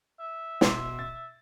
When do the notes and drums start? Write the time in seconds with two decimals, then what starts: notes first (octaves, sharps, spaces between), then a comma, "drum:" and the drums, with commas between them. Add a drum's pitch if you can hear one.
0.20 E5
0.61 B2 C6 D6, drum: snare
0.99 A6